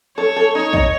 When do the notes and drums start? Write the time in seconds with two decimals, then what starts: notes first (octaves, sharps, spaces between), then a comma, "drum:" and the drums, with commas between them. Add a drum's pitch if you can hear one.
0.17 A4 C#5
0.36 A4
0.54 D#4 C#5
0.73 D#5, drum: kick